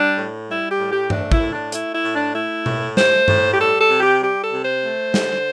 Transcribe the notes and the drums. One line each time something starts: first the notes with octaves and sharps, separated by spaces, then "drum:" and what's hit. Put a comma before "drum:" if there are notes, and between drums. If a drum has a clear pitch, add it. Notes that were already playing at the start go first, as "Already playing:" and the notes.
Already playing: G3 D4
A2
G3 E4
G4
A2
G4
A3 D4, drum: tom G2
E4, drum: kick
A2
D4
A3 E4, drum: hi-hat
E4
A2
D4
A3 E4
A2, drum: tom B2
A3 C5, drum: snare
A2, drum: tom G2
G4
G3 A4
A4
C3
G4
G3 G4
A4
C3
C5
A3
D3, drum: snare